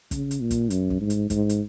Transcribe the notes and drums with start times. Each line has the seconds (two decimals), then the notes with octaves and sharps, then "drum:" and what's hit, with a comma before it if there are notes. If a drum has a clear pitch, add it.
0.11 C#3, drum: kick, hi-hat
0.31 drum: hi-hat
0.41 A#2
0.51 drum: kick, hi-hat
0.70 F#2, drum: hi-hat
0.90 drum: kick
1.01 G#2
1.10 drum: hi-hat
1.30 G#2, drum: kick, hi-hat
1.49 drum: hi-hat